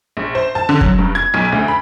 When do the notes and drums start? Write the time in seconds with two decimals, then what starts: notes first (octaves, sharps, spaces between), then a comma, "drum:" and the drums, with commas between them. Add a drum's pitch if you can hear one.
0.17 A#1
0.35 C5
0.55 A5
0.69 D3
0.81 F#3, drum: kick
0.99 G2
1.15 G#6
1.34 B1
1.52 D2
1.68 B5